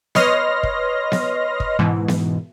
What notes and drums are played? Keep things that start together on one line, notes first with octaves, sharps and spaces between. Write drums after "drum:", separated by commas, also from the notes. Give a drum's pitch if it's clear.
B4 C#5 D#5 C6 F6 A#6, drum: snare B3
drum: kick
drum: snare B3
drum: kick
G#2 B2 E3
drum: snare B3